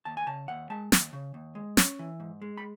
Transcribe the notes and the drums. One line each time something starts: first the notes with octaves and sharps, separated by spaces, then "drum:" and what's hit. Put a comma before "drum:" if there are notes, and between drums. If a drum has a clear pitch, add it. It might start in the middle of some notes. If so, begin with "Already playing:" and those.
D#2 A5
G#5
C#3 A5
D#2 F#5
G#3 A5
D#2, drum: snare
C#3
D#2
G#3
C#4, drum: snare
E3
G#2
G#3
B5